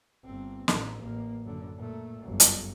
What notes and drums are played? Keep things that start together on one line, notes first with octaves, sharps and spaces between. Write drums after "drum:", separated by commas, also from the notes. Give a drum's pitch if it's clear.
G1 C4
A1 D#4, drum: snare
A1 A#3
F#2 D3
A#2 A3
G1 F#2
drum: hi-hat